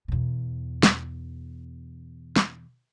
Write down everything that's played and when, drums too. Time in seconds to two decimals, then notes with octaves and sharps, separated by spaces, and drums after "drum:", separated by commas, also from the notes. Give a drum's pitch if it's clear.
0.08 E2 B2
0.83 drum: snare
2.36 drum: snare